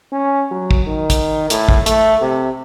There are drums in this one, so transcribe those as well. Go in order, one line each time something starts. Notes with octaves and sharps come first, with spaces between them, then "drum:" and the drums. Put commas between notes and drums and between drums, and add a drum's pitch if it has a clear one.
C#4
F#3
drum: kick
D#3
drum: kick, hi-hat
A2, drum: hi-hat
drum: kick
A3, drum: hi-hat
C3